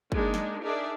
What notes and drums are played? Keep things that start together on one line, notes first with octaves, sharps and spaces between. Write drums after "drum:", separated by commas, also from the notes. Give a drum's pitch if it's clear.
G#3 A#3 D4 D#4, drum: kick
drum: snare
D4 D#4 G#4 A#4 D5 E5